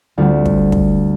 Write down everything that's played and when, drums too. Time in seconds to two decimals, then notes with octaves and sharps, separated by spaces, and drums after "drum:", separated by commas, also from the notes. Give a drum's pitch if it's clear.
0.18 D2 D3 G3 C4 F4
0.46 drum: kick
0.72 drum: kick